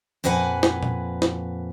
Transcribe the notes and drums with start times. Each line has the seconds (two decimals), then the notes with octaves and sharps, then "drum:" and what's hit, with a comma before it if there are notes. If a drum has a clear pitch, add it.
0.24 F2 A#2 B4 F#5 G#5
0.63 drum: snare
0.83 drum: tom A#2
1.22 drum: snare